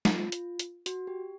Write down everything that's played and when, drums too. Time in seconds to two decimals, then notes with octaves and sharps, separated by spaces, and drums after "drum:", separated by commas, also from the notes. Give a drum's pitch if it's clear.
0.05 F4, drum: snare
0.32 drum: hi-hat
0.59 drum: hi-hat
0.86 F#4, drum: hi-hat
1.07 G4